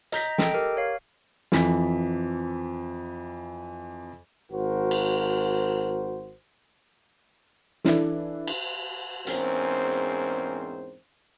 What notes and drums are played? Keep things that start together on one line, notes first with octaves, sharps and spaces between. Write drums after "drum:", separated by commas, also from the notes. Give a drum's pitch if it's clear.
D#5 A#5 G6 B6, drum: hi-hat
A4 D#5 G5, drum: snare
G4 A#4
C#5 F5
F2 E3 B6, drum: snare
G#1 F#4 A#4 C5
drum: cymbal
E3 D4 E4 A4, drum: snare
drum: cymbal
E2 G#2 C4 C#4 A#4 C5, drum: hi-hat